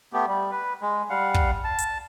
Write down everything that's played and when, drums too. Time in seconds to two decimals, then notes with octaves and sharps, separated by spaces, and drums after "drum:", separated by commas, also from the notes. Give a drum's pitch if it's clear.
0.13 A3 B3 G4
0.27 G3
0.51 B4
0.82 G#3
1.10 G3 F5 F#5
1.34 drum: kick
1.64 A5
1.78 drum: hi-hat